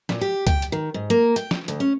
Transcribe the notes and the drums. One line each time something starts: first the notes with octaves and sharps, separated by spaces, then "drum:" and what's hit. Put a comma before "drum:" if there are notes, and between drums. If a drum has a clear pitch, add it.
A#2, drum: snare
G4
G5, drum: kick C#2, hi-hat
drum: hi-hat
D#3
G#2
A#3
G5, drum: hi-hat
drum: snare
D2, drum: hi-hat
C#4